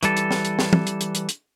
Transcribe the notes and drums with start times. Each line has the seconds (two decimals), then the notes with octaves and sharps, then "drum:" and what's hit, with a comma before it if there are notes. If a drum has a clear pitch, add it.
0.03 E3 G3 A4, drum: hi-hat
0.17 drum: hi-hat
0.31 drum: snare
0.45 drum: hi-hat
0.59 drum: snare
0.73 drum: tom
0.87 drum: hi-hat
1.01 drum: hi-hat
1.15 drum: hi-hat
1.29 drum: hi-hat